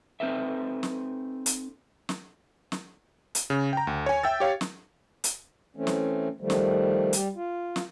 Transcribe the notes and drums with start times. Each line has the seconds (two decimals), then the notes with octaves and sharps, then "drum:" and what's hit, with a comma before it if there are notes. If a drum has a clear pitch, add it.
0.20 C4 D#4 A4 B4 E5
0.83 drum: snare
1.46 drum: hi-hat
2.09 drum: snare
2.72 drum: snare
3.35 drum: hi-hat
3.50 C#3
3.73 G5 A#5
3.87 D2
4.06 C#5 G#5
4.23 E5 G5 E6 A6
4.40 G4 C#5 F5
4.61 drum: snare
5.24 drum: hi-hat
5.77 E3 A3 C4 C#4
5.87 drum: snare
6.40 D#3 F3 G3 A3
6.50 drum: snare
7.13 G3 G4, drum: hi-hat
7.36 F4
7.76 drum: snare